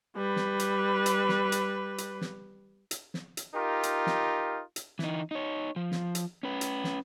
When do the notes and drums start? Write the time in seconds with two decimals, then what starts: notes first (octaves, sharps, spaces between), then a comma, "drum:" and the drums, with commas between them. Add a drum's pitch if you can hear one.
0.16 G3 B4
0.36 drum: snare
0.59 drum: hi-hat
1.06 drum: hi-hat
1.29 drum: snare
1.52 drum: hi-hat
1.98 drum: hi-hat
2.21 drum: snare
2.91 drum: hi-hat
3.14 drum: snare
3.37 drum: hi-hat
3.55 D#4 F4 G4 A#4
3.83 drum: hi-hat
4.07 drum: snare
4.76 drum: hi-hat
4.99 E3 D#4, drum: snare
5.31 D#4 C#5
5.76 F3
5.92 drum: snare
6.15 drum: hi-hat
6.43 C#4 B4
6.61 drum: hi-hat
6.84 drum: snare